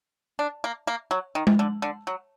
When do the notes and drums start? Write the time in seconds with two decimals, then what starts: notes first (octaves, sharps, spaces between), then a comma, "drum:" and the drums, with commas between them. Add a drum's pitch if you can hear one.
0.39 D4
0.64 A#3
0.87 A#3
1.11 F#3
1.35 D#3
1.47 drum: tom G#3
1.59 D3
1.82 D3
2.07 F#3